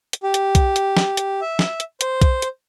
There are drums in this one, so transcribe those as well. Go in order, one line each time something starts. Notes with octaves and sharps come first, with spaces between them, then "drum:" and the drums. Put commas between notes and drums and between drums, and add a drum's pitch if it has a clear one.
drum: hi-hat
G4
drum: hi-hat
drum: kick B1, hi-hat
drum: hi-hat
drum: snare
drum: hi-hat
E5
drum: snare
drum: hi-hat
C5, drum: hi-hat
drum: kick B1, hi-hat
drum: hi-hat